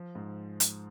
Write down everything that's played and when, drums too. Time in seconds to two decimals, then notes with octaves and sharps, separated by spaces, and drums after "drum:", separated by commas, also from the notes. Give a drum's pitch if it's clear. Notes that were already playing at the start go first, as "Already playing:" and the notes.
Already playing: F3
0.15 G#2
0.60 drum: hi-hat